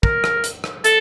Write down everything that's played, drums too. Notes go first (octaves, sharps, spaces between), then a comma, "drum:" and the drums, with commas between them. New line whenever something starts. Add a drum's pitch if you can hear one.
A#4, drum: kick
drum: rim click
drum: hi-hat
drum: rim click
A4, drum: hi-hat